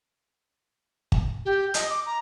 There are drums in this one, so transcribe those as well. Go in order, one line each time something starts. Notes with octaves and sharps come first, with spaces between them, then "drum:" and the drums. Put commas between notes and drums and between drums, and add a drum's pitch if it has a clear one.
drum: kick
G4
D#5, drum: hi-hat
D6
A#5